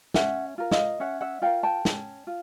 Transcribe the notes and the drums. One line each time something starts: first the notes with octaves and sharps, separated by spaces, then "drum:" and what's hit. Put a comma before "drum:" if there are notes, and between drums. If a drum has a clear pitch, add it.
C#4 E5 F#5, drum: snare
F4 A#4
D#5 F5, drum: snare
C#4 E5 F#5
E5 F#5
F4 A#4 F5 G5
G5 A5
C#4, drum: snare
F4